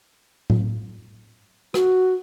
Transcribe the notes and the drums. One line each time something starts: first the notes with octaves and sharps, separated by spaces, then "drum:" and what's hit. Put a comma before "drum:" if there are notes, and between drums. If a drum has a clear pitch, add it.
drum: tom A2
F#4, drum: rim click